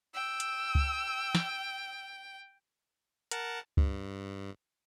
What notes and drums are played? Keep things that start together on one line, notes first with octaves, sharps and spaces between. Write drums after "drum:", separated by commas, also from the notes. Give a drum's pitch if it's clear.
G5 E6
drum: hi-hat
drum: kick C#2
drum: snare
A#4 F#5 A5, drum: hi-hat
G2, drum: kick C#2